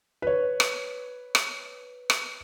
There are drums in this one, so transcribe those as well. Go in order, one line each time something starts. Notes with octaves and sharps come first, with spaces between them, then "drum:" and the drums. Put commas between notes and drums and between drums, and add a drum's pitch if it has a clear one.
B4 C#5
drum: rim click
drum: rim click
drum: rim click